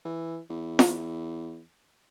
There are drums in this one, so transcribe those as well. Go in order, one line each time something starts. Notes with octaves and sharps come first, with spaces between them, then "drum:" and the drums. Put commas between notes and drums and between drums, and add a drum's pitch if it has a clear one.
E3
E2
drum: snare F4